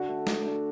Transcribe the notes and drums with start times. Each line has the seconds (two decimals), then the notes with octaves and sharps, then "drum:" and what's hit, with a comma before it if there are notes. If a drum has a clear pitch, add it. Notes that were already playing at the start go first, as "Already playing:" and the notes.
Already playing: D3 F#4
0.08 A3
0.27 A3, drum: snare
0.46 D4